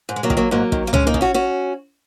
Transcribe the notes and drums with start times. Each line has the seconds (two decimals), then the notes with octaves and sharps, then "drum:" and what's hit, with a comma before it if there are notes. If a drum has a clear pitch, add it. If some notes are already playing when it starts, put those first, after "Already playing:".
0.09 G#2
0.16 G#3
0.23 F#3 A#3
0.30 D#3, drum: kick
0.37 F#3 A#3
0.51 G#2 F#3 A#3
0.72 D#3, drum: kick
0.87 A#3
0.93 D#2 G#3 C#4, drum: tom C#2
1.07 A#3 D#4
1.14 C#3, drum: kick
1.21 C#4 F#4
1.34 C#4 F#4